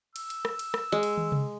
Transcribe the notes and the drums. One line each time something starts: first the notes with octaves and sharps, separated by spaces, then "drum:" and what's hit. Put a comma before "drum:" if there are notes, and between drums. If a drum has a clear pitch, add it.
E6, drum: cymbal
drum: cymbal
drum: rim click
drum: cymbal
drum: rim click
G#3
drum: cymbal
drum: tom
drum: tom C3